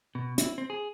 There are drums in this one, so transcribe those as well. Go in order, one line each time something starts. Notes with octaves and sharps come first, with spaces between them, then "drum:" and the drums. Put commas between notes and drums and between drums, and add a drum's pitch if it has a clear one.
B2
E4, drum: hi-hat
C4
G#4